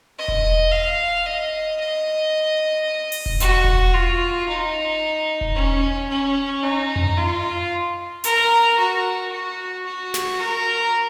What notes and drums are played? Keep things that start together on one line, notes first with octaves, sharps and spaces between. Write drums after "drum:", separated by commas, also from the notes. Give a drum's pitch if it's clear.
D#5
drum: kick E1
F5
D#5
D#5
drum: open hi-hat
drum: kick E1
F#4, drum: hi-hat
drum: kick E1
F4
D#4
drum: kick E1
C#4
C#4
D#4
drum: tom F2
F4
A#4, drum: hi-hat
F#4
F#4
F#4
drum: snare
A#4